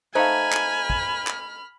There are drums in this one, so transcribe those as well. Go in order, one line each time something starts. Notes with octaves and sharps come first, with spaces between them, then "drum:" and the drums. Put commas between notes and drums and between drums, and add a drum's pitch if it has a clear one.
A3 D#4 C5 F5 G#5 B5 F6
drum: clap
drum: kick
drum: clap